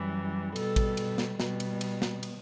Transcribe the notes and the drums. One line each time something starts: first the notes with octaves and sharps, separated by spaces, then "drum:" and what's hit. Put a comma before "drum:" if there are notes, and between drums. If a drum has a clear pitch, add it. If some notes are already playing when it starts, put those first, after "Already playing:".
Already playing: F#2 E3 G3
B2 G3 A4, drum: cymbal
drum: kick A1, cymbal
drum: cymbal
drum: snare
B2 G3, drum: snare
drum: cymbal
drum: cymbal
drum: snare
drum: cymbal